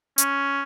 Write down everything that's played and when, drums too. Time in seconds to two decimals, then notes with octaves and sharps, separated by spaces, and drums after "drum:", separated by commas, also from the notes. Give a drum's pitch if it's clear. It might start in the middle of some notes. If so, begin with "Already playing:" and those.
0.18 C#4, drum: hi-hat